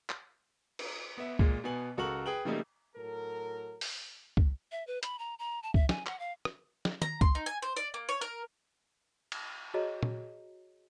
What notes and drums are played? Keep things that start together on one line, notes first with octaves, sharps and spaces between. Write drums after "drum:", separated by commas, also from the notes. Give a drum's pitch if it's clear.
drum: clap
drum: cymbal
B3 E5
A#2 G#3, drum: kick
B2 B3 G#5 F#7
C#2 F#4 A4 A#4 C#6 F#7
G#4 B4 G5 F#7
C#3 F3 G3 A3 A#3 D#4
A2 F#3 A4 A#4
drum: open hi-hat
drum: kick
E5
B4
B5, drum: hi-hat
A#5
A#5
A5
E5, drum: kick
G#5, drum: snare
F#5, drum: clap
F5
drum: rim click
drum: snare
A#5, drum: tom
C6, drum: kick
D#4
G#5
C5
D5
A#3
C#5
A#4
drum: cymbal
F#4 G#4 C#5 D#5 A5 A#5
drum: tom A#2